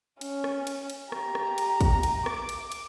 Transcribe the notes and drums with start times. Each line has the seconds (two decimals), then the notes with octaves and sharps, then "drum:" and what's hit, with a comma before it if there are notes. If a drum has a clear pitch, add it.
0.21 C#4, drum: cymbal
0.44 drum: rim click
0.67 drum: cymbal
0.90 drum: cymbal
1.12 G4 A#5, drum: rim click
1.35 drum: rim click
1.58 drum: cymbal
1.81 drum: kick, cymbal
2.03 drum: cymbal
2.26 D6, drum: rim click
2.49 drum: cymbal
2.72 drum: cymbal